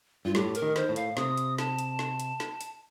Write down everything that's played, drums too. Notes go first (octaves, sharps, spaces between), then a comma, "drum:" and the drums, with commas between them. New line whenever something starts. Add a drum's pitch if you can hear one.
G2 F4
A2 G4, drum: snare
A#4, drum: hi-hat
D#3
C5, drum: snare
A2
F5, drum: hi-hat
C3 D#6, drum: snare
drum: hi-hat
A5, drum: snare
drum: hi-hat
drum: snare
drum: hi-hat
drum: snare
drum: hi-hat